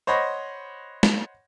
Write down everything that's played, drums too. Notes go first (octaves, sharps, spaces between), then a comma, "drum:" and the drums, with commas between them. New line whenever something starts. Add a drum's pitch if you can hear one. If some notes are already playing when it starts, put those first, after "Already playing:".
C5 C#5 D#5 F#5 B5 A#6
drum: snare